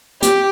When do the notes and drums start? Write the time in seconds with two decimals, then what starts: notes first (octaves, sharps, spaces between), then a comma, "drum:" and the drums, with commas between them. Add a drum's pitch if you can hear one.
0.22 G4, drum: hi-hat